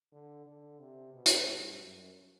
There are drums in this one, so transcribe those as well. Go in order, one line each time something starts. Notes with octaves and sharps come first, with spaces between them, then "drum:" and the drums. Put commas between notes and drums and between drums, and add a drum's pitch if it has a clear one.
D3
D3
C3
B2
drum: hi-hat
G2
F#2